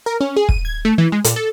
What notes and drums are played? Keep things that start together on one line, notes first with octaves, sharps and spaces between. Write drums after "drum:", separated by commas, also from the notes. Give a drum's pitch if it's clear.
A#4
C#4
G#4
D#7, drum: kick
G#6
A3
E3
G#3
A#2, drum: hi-hat
A4